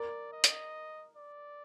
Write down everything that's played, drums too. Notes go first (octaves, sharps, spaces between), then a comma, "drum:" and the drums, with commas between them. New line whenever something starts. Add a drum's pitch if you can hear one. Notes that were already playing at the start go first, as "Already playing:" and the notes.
Already playing: A#4 D5
D#5
drum: hi-hat
D5